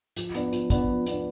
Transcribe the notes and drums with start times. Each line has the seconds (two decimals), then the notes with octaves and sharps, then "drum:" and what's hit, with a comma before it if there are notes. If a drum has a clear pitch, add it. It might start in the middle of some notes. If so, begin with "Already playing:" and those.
0.16 F3, drum: hi-hat
0.35 B3 D4, drum: hi-hat
0.53 F3, drum: hi-hat
0.70 B3 D4, drum: kick, hi-hat
0.89 F3
1.06 B3 D4, drum: hi-hat